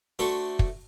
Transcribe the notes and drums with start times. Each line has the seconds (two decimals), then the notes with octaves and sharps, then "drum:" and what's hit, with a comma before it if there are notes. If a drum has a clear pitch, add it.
0.19 A3 D4 F#4 A4 C5
0.59 drum: kick